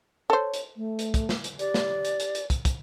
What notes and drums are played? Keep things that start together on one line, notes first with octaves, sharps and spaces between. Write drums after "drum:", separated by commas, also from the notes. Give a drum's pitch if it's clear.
A4 C5 C#5
drum: hi-hat
A3
drum: hi-hat
drum: kick, hi-hat
drum: snare
drum: hi-hat
G4 D5, drum: hi-hat
drum: snare
drum: hi-hat
drum: hi-hat
drum: hi-hat
drum: kick, hi-hat
drum: kick, hi-hat